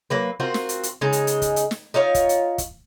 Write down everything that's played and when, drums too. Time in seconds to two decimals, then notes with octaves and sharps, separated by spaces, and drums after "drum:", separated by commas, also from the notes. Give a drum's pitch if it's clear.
0.10 F#3 A#3 B4
0.40 C4 F4 F#4 A#4
0.54 drum: snare
0.69 drum: hi-hat
0.83 drum: hi-hat
1.01 C#3 G#3 D#4
1.13 drum: hi-hat
1.27 drum: hi-hat
1.42 drum: kick, hi-hat
1.56 drum: hi-hat
1.71 drum: snare
1.94 D#4 F4 C#5 F5
2.15 drum: kick, hi-hat
2.29 drum: hi-hat
2.58 drum: kick, hi-hat